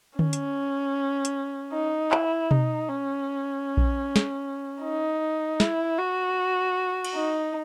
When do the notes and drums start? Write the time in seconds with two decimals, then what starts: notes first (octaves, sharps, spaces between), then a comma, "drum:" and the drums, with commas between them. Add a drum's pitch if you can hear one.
0.19 C#4, drum: tom D3
0.33 drum: hi-hat
1.25 drum: hi-hat
1.73 D#4
2.11 E4, drum: clap
2.51 D#4, drum: tom B2
2.89 C#4
3.77 drum: kick A#1
4.16 drum: snare
4.83 D#4
5.60 E4, drum: snare
5.99 F#4
7.04 drum: cymbal
7.15 D#4